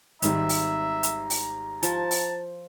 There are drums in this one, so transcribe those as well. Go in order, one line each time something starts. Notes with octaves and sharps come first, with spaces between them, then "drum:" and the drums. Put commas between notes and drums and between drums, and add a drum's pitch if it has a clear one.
G#1 G#2 G3 E5 A#5, drum: hi-hat
drum: open hi-hat
drum: hi-hat
drum: open hi-hat
F3 A5, drum: hi-hat
drum: open hi-hat